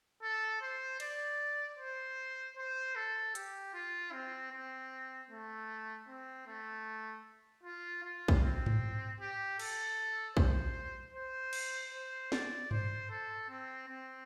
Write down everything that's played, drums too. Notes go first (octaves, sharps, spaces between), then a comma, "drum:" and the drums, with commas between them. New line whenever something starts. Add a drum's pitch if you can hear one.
A4
C5
D5, drum: cymbal
C5
C5
A4
G4, drum: hi-hat
F4
C4
C4
A3
C4
A3
F4
F4
drum: kick
C4
drum: tom G#2
G4
A4, drum: cymbal
C5, drum: kick
C5
drum: cymbal
C5
D5, drum: snare
C5, drum: tom G2
A4
C4
C4